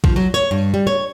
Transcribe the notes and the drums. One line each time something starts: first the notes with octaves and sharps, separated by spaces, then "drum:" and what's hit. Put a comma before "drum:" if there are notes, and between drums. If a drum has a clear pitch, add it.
F3, drum: kick A#1
F#3
C#5
G2
G3
C#5